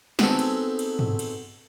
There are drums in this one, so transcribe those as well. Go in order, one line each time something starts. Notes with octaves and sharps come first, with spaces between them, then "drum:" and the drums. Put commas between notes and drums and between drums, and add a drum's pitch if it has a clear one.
B3 C4 D#4 F#4 G#4 A4, drum: snare
drum: cymbal
drum: cymbal
drum: tom
drum: cymbal